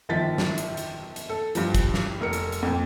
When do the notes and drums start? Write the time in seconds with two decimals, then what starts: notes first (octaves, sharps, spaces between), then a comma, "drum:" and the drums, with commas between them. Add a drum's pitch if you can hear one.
0.09 G1 D#3 F3 A6 B6
0.38 drum: snare
0.58 drum: hi-hat
0.77 drum: hi-hat
1.16 drum: hi-hat
1.29 A4
1.55 G2 F3, drum: hi-hat
1.75 drum: kick, hi-hat
1.94 drum: snare
2.21 F1 A#4 C#7
2.33 drum: hi-hat
2.52 drum: hi-hat
2.62 F2 A#2